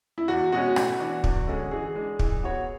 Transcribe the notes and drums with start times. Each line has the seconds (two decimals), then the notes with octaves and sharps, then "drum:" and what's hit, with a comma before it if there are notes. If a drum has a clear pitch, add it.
0.18 E4
0.28 E2 F#4
0.52 B2 G#3 C#4 F#4
0.76 A2, drum: rim click
1.00 E3 B3 D4
1.24 E2, drum: kick
1.47 D3 G#3 C#4 G#4
1.71 E3 G#4
1.95 G#3 D4
2.19 E3, drum: kick
2.43 B3 F#4 C#5